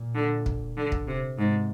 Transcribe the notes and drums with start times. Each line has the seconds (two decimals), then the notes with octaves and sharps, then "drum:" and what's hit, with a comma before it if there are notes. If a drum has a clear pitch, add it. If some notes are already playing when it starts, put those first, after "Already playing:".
Already playing: A#2
0.15 D3
0.46 drum: kick
0.77 D3
0.92 drum: kick
1.07 C3
1.38 G#2 C3